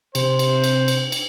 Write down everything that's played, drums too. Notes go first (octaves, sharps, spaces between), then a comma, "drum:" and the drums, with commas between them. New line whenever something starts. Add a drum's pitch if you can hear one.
C3 C5, drum: cymbal
drum: cymbal
drum: cymbal
drum: cymbal
drum: cymbal